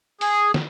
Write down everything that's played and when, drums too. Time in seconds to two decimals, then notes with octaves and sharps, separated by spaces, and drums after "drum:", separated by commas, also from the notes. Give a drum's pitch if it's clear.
0.21 G#4, drum: open hi-hat
0.54 drum: snare